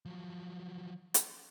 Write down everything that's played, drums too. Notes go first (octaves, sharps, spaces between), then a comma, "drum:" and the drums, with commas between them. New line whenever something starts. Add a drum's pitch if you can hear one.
F3 F#3
drum: hi-hat